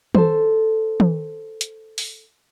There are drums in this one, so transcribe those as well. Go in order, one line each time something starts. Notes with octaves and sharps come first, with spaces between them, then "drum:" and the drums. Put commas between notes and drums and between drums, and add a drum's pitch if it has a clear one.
A4 C5, drum: tom
drum: tom
drum: hi-hat
drum: open hi-hat